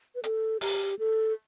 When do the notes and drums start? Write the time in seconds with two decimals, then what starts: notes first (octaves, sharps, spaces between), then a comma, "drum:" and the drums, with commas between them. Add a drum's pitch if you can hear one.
0.15 B4
0.24 A4, drum: hi-hat
0.61 G4, drum: open hi-hat
0.99 A4